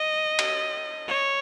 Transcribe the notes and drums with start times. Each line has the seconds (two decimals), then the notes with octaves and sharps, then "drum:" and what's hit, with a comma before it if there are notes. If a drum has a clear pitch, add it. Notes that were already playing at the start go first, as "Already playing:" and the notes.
Already playing: D#5
0.39 drum: cymbal
1.08 C#5